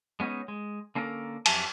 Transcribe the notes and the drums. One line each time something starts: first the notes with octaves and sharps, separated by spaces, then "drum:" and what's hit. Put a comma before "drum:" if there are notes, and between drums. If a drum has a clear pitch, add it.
G#3 B3 C#4 D#4
G#3
D3 A#3 C#4 A4 A#4
F2 F#3 G4 E5 G#5 A5, drum: cymbal